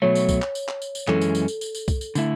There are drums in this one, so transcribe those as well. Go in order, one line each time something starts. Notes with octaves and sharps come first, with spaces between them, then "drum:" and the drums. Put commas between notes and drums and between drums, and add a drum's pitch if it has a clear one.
B2 F#3 A3 C#5
drum: tambourine
drum: kick C2, tambourine
drum: clap
drum: tambourine
drum: clap
drum: tambourine
drum: tambourine
F#2 E3 G#3 C#4 A4, drum: clap
drum: tambourine
drum: tambourine
drum: tambourine
drum: tambourine
drum: tambourine
drum: kick C2, tambourine
drum: tambourine
D3 A3 E4, drum: tambourine